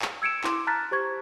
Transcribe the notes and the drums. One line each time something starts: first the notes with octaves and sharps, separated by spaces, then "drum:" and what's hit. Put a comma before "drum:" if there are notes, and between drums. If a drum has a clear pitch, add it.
drum: clap
E6 G#6 C#7 D7 E7
E4 C6 D6, drum: clap
A5 A#5 F6 F#6 A6 B6
G4 C5 C#6 G#6